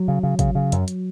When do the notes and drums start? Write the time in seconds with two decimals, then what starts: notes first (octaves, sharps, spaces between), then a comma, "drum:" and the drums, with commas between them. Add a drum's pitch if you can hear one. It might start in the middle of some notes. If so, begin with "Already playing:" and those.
Already playing: F#3
0.08 C#3
0.23 C#3
0.39 C#3, drum: kick, hi-hat
0.55 C#3
0.72 F#2, drum: hi-hat
0.88 drum: hi-hat